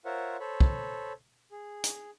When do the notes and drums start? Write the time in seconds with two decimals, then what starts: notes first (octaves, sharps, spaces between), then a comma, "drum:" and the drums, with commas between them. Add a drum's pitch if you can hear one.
0.05 F4 A#4 C5 C#5 E5 F#5
0.40 A4 C5 C#5 B5
0.60 drum: kick
1.51 G#4
1.84 drum: hi-hat